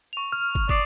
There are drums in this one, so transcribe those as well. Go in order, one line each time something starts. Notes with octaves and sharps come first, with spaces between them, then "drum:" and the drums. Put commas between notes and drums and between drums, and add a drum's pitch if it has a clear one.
C#6 F7
F6
drum: kick
D5 D6 D#6 C7, drum: kick